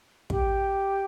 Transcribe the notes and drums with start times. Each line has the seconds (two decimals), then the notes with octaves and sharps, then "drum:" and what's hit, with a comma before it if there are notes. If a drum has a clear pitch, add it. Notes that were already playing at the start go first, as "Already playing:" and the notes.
0.30 G4, drum: kick